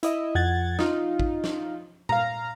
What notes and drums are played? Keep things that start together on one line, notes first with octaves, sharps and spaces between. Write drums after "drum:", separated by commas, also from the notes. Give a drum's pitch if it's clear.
E4 D#5 E5, drum: hi-hat
F2 F#5 G#6 A6
D#4 F4, drum: snare
drum: kick A1
drum: snare
F5 A#5, drum: tom A#2